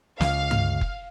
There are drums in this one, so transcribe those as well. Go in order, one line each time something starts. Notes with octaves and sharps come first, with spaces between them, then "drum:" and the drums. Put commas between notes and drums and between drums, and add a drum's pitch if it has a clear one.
C#2 F5, drum: snare
drum: tom G2
drum: kick F#1